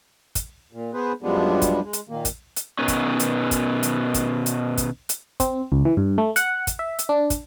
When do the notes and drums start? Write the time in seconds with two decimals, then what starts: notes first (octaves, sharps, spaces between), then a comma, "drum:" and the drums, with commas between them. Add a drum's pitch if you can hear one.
0.35 drum: kick, hi-hat
0.72 A#2
0.94 B3 G#4 B4 C5
1.22 F#2 F3 G3 G#3 B3 D4
1.62 drum: kick, hi-hat
1.83 G#3
1.93 drum: hi-hat
2.09 A#2 D#3 A#3
2.25 drum: kick, hi-hat
2.56 drum: hi-hat
2.79 B2 D#3 B3 C#4
2.88 drum: kick, hi-hat
3.20 drum: hi-hat
3.51 drum: kick, hi-hat
3.83 drum: hi-hat
4.14 drum: kick, hi-hat
4.46 drum: hi-hat
4.78 drum: kick, hi-hat
5.09 drum: hi-hat
5.40 C4, drum: kick, hi-hat
5.72 C#2
5.85 E3
5.97 G2
6.18 A3
6.36 F#5, drum: hi-hat
6.67 drum: kick, hi-hat
6.79 E5
6.99 drum: hi-hat
7.09 D4
7.30 drum: kick, hi-hat